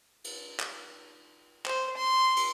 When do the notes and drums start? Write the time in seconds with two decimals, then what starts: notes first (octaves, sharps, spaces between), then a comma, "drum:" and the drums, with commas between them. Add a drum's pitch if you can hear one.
0.24 drum: cymbal
0.60 drum: clap
1.66 C5, drum: clap
1.96 C6
2.37 drum: cymbal